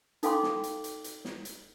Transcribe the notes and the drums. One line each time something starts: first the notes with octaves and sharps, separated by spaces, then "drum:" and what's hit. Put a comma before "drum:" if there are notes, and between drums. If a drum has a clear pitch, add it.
D#4 A4 F5 G5 C6 D6, drum: hi-hat
drum: snare
drum: hi-hat
drum: hi-hat
drum: hi-hat
drum: snare
drum: hi-hat